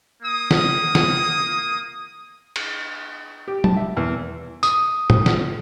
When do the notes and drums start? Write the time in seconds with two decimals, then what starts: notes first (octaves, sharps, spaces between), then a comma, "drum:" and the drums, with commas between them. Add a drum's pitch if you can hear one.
0.23 A#3 D#6
0.51 drum: snare
0.95 drum: snare
2.56 drum: cymbal
3.48 G4
3.64 A5, drum: tom
3.77 E5
3.97 E2
4.63 D#6, drum: tambourine
5.10 drum: tom
5.26 drum: snare